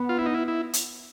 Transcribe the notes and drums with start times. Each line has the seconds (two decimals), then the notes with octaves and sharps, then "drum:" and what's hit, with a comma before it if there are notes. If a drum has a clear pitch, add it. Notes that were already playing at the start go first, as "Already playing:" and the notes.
Already playing: B3
0.09 F4
0.18 E4
0.26 D#4
0.34 E4
0.48 E4
0.73 drum: hi-hat